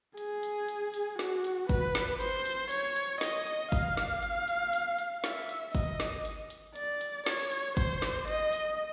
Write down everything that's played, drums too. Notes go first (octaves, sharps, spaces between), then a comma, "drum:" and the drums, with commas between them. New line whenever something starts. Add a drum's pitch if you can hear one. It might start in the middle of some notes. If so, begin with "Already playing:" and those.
G#4, drum: hi-hat
drum: hi-hat
drum: hi-hat
drum: hi-hat
F#4, drum: snare
drum: hi-hat
B4, drum: kick G1, hi-hat
drum: snare
C5, drum: hi-hat
drum: hi-hat
C#5, drum: hi-hat
drum: hi-hat
D#5, drum: snare
drum: hi-hat
F5, drum: kick G1, hi-hat
drum: snare
drum: hi-hat
drum: hi-hat
drum: hi-hat
drum: hi-hat
E5, drum: snare
drum: hi-hat
D#5, drum: kick G1, hi-hat
drum: snare
drum: hi-hat
drum: hi-hat
D5, drum: hi-hat
drum: hi-hat
C#5, drum: snare
drum: hi-hat
C5, drum: kick G1, hi-hat
drum: snare
D#5, drum: hi-hat
drum: hi-hat